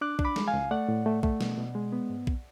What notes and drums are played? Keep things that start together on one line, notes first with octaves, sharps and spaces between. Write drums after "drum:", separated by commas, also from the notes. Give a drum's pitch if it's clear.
D4 D6 F#6
D4, drum: kick B1
B5 D6
G#3, drum: snare
F5 G#5
C#2
A3 D5 F#5
A2
A3
A3, drum: kick B1
B2, drum: snare
B2
G#3
B3
G#2
drum: kick B1